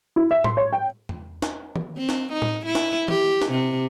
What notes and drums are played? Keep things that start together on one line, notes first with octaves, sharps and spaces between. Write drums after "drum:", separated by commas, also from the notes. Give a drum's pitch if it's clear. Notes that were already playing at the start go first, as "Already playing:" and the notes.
E4
E5
C6, drum: tom A2
C#5
G5
drum: tom E2
drum: snare
drum: tom
C4
drum: snare
D#4
drum: tom A2
E4
drum: snare
G4, drum: tom
drum: snare
C3